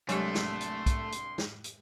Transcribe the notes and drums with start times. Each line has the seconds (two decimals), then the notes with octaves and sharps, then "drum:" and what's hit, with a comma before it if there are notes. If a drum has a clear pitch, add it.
0.09 C2 F#3 G#3 A3 D4 G4 G#5 C6, drum: hi-hat
0.35 drum: snare
0.60 drum: hi-hat
0.86 drum: kick, hi-hat
1.12 drum: hi-hat
1.38 drum: snare
1.64 drum: hi-hat